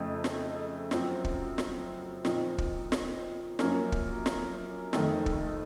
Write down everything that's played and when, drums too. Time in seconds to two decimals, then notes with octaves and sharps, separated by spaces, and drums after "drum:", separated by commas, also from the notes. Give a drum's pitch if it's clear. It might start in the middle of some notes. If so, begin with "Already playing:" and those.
Already playing: F2 C#3 A3 D#4
0.24 drum: snare
0.91 F#2 F3 C4, drum: snare
1.25 drum: kick
1.58 drum: snare
2.25 A#2 F3 C4 D#4, drum: snare
2.58 drum: kick
2.92 drum: snare
3.59 F#2 F3 A#3 C#4, drum: snare
3.92 drum: kick
4.26 drum: snare
4.93 F2 D#3 A3, drum: snare
5.26 drum: kick